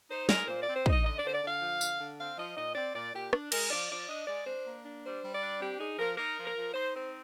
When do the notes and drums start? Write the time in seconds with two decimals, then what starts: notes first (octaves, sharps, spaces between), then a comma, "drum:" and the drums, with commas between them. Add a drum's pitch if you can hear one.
0.09 D#4 C5
0.29 G#3 A#4, drum: snare
0.48 A#2 C5
0.62 C4 D5
0.76 C5
0.86 D#4 D#5, drum: kick
1.05 D3 D#5
1.19 D5
1.24 D3 C5
1.33 D5
1.43 D3 F5
1.61 F3
1.81 D3, drum: tambourine
2.00 D3
2.19 C4 F5
2.38 F3 D#5
2.56 A#2 D#5
2.75 C4 D5
2.95 A#2 D5
3.13 A#2 G4
3.33 D4, drum: rim click
3.52 G#3 A#4, drum: cymbal
3.71 F3 D5
3.90 F3 D5
4.08 D4 D#5
4.27 G#3 D5
4.46 D4 C5
4.66 A#3
4.85 D4
5.03 G3 C5
5.22 G3
5.33 D5
5.42 D4
5.61 C4 G4
5.79 D#4 G#4
5.98 F3 A#4
6.17 D#4 A#4
6.37 F3
6.46 A#4
6.56 F3
6.74 D#4 C5
6.94 C4 C5